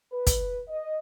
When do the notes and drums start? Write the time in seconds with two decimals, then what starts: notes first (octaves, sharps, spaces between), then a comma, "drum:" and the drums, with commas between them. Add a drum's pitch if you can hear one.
0.12 B4
0.27 drum: kick, hi-hat
0.67 D#5